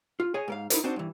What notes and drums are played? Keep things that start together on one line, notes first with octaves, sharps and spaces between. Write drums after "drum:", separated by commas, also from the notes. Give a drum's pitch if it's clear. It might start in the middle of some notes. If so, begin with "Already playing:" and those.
F4
G#4 C#5 D#5 G#5
G#2 A#4 F5
D#4 E4 G#4 A#4 C5, drum: hi-hat
C4 D4 D#4 F#4 C5
G2 E3